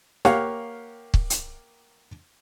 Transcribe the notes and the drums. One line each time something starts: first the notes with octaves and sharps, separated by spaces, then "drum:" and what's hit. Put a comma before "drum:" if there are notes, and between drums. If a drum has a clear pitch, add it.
A#3 G4 C#5 F5 F#5, drum: snare
drum: kick
drum: hi-hat